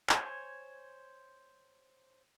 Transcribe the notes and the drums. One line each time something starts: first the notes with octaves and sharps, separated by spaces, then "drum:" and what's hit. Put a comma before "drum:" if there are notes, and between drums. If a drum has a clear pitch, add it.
C5 C#5 G#5, drum: clap